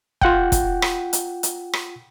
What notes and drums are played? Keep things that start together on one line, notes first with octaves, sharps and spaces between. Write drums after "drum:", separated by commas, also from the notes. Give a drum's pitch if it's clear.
F4 F#5 G5, drum: kick
drum: kick, hi-hat
drum: rim click
drum: hi-hat
drum: hi-hat
drum: rim click